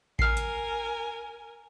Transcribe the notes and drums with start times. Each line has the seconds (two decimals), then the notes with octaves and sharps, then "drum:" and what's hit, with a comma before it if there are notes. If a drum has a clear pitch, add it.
0.19 A#4 G#5 F6 C7, drum: kick A1
0.37 drum: hi-hat